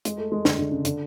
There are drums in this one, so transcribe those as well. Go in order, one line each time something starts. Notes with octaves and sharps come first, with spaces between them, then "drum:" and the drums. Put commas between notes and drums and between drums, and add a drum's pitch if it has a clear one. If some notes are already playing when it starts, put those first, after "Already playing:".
G#3, drum: hi-hat
A3
G#3
D3, drum: snare
D3
C#3
D3, drum: hi-hat